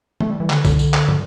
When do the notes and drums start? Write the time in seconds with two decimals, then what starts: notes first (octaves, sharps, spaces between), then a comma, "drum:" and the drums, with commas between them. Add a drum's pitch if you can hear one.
0.20 A3, drum: tom
0.30 G3
0.40 E3
0.50 D3, drum: clap
0.65 D3, drum: kick C2, tambourine
0.79 drum: tambourine
0.94 drum: clap
1.08 drum: tom